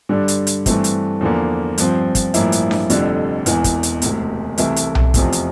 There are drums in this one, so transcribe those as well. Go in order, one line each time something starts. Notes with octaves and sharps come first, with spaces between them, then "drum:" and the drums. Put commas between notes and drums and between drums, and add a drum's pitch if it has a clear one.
G2 D3 G3 D4
drum: hi-hat
drum: hi-hat
G2 E3 A3 C4, drum: kick, hi-hat
drum: hi-hat
E2 D3 F3 A#3
G2 F3 C4, drum: hi-hat
drum: kick, hi-hat
A1 G2 F3 A#3 E4, drum: hi-hat
drum: hi-hat
drum: snare D4
F1 F2 D3 G3, drum: hi-hat
E1 E2 E3, drum: hi-hat
drum: kick, hi-hat
drum: hi-hat
E1 D2 C3, drum: hi-hat
C2 C3 E3 A3 E4, drum: hi-hat
drum: hi-hat
drum: tom B1
F1 E2 C3 F3, drum: kick, hi-hat
drum: hi-hat